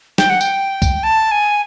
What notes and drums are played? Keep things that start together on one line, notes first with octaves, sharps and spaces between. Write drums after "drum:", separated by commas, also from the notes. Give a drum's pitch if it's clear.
G5, drum: snare
F#5
G5, drum: tambourine
drum: kick, tambourine
A5
G#5